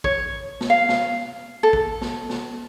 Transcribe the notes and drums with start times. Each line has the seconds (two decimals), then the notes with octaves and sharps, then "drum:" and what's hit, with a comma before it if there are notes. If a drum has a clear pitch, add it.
0.04 C#5, drum: kick
0.61 drum: snare
0.70 F5
0.89 drum: snare
1.63 A4
1.73 drum: kick
2.01 drum: snare
2.30 drum: snare